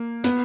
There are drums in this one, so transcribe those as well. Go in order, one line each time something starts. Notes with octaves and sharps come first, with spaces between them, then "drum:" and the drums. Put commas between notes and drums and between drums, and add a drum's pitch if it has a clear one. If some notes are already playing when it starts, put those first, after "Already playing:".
Already playing: A#3
B3, drum: hi-hat